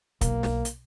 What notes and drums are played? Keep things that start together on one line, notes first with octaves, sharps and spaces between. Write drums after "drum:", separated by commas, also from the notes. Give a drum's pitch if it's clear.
B1 A#3, drum: kick, hi-hat
drum: snare
drum: hi-hat